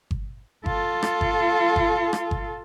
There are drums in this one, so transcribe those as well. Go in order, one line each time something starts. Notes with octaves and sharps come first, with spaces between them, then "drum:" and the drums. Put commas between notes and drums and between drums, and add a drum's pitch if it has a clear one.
drum: kick G1
F4 A4, drum: kick G1
drum: rim click
drum: kick G1
drum: kick G1
drum: rim click
drum: kick G1